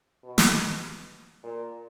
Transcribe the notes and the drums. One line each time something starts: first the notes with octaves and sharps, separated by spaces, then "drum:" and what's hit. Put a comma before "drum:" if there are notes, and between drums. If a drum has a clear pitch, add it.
B2
drum: snare
A#2